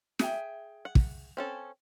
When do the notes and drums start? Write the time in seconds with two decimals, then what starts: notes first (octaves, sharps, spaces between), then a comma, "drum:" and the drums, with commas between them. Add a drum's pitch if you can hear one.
0.19 G#4 E5 G5, drum: snare
0.85 F#5
0.95 drum: kick
1.37 C4 C#4 A4